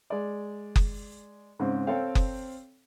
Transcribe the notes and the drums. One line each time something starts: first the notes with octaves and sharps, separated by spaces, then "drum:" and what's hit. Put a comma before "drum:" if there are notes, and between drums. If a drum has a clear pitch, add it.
G#3 D5
drum: kick F#1
G#2 C#3 C4
C4 A4 C#5 F5 G5
drum: kick F#1